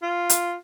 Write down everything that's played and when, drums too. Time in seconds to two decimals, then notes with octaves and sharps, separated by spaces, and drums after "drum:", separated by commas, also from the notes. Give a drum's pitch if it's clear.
0.03 F4
0.30 drum: hi-hat